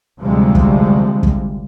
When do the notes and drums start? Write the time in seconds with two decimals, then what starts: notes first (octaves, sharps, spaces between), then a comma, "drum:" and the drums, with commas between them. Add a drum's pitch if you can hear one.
0.21 D2 C3 F3 G3 G#3
0.55 drum: kick
1.23 drum: kick